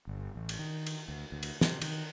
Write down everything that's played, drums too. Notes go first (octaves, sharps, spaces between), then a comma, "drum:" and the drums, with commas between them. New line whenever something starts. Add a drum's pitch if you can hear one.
G1
A1
drum: cymbal
D#3
drum: cymbal
D2
D2
drum: cymbal
C3, drum: snare
D#3, drum: cymbal